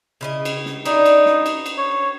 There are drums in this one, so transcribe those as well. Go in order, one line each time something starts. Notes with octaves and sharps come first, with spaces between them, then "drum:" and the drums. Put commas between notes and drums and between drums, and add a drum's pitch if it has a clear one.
C#3 E4 D#5
drum: cymbal
drum: snare
D#4 E4 D5, drum: cymbal
drum: cymbal
drum: snare
drum: cymbal
drum: cymbal
C#5